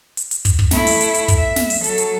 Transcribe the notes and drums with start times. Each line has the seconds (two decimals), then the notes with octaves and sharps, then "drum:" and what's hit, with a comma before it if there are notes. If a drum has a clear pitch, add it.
0.17 drum: hi-hat
0.31 drum: hi-hat
0.45 drum: kick, hi-hat
0.59 drum: kick
0.71 A3 E4, drum: snare
0.87 drum: open hi-hat
1.01 drum: hi-hat
1.14 drum: hi-hat
1.28 drum: kick, hi-hat
1.39 E5
1.56 drum: snare
1.70 drum: open hi-hat
1.84 F#3 A4, drum: hi-hat
1.98 drum: hi-hat